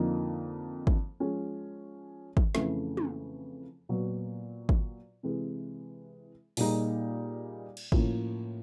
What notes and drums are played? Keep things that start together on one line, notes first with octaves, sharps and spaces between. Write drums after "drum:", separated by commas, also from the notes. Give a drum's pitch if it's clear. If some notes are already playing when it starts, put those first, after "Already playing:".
Already playing: F2 D3 F3 A#3 D#4
drum: kick
F3 G#3 C#4
drum: kick
F2 C#3 E3 A3, drum: snare
drum: tom
A#2 F#3 B3
drum: kick
C3 E3 G#3
A#2 G3 A#3 D#4 G#4, drum: open hi-hat
drum: cymbal
A2 F3 A#3 C#4, drum: kick